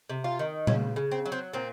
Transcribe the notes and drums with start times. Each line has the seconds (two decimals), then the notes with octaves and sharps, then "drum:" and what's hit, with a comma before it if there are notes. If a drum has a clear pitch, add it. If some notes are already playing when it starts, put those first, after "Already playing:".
0.10 C3
0.24 F4
0.39 D#3
0.67 C#3 C#4, drum: tom A#2
0.96 C#3
1.11 C4
1.26 F#3
1.32 C4
1.53 A#2 C4